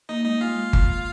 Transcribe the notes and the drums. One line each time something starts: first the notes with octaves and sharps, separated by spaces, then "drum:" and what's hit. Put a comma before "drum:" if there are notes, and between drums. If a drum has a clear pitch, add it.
A#3 D#4 D#5
G#3 D#4 D#5
G#3 F4 F5
drum: kick G1